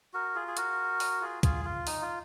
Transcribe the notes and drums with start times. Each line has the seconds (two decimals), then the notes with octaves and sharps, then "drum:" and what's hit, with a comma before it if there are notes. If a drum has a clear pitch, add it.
0.14 F#4 A#4
0.35 F4 G#4
0.48 G#4
0.57 F#4 A#4, drum: hi-hat
1.00 drum: open hi-hat
1.21 F4 G#4
1.43 F4 G#4, drum: kick, hi-hat
1.65 F4
1.87 D#4, drum: open hi-hat
2.02 F4